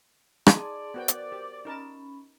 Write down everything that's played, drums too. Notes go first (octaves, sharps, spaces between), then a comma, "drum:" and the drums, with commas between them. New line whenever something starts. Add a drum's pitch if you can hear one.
D#4 G#4 D5 G#5 A5 C6, drum: rim click
B3 F#4 A#4 C5 G5
drum: hi-hat
G4
C#4 D#4 A#4 A5 B5